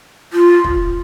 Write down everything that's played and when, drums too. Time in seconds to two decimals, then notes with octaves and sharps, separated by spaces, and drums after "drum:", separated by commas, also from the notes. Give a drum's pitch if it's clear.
0.33 F4
0.64 drum: kick